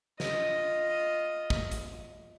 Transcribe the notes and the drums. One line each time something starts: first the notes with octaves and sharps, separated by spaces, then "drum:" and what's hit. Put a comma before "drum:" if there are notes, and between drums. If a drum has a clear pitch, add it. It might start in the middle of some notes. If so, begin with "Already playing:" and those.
F4 D#5, drum: snare
drum: kick
drum: hi-hat